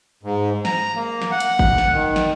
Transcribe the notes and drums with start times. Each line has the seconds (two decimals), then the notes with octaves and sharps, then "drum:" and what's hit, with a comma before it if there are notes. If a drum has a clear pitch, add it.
0.23 G#2
0.65 A#5, drum: snare
0.95 A#3
1.22 drum: snare
1.31 F#5
1.40 drum: hi-hat
1.59 drum: kick G1
1.78 drum: snare
1.91 D#3
2.16 drum: snare